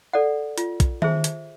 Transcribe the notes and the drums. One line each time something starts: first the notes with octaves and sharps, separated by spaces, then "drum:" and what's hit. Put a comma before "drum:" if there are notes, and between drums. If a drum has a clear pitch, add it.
A4 D5 F#5
F4, drum: hi-hat
drum: kick A#1, hi-hat
G#4 C5 E5, drum: tom D#3
drum: hi-hat